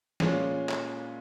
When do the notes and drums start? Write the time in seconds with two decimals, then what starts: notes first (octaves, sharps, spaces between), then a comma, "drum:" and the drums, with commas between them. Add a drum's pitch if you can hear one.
0.20 A#2 G#3 C#4 F4 G#4, drum: snare
0.69 drum: clap